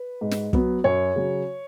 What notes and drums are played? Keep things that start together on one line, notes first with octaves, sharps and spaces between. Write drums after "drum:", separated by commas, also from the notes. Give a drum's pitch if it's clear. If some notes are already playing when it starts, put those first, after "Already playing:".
Already playing: B4
G#2
drum: snare
F#3 B3, drum: kick
F#2 C#5
C#3 F#3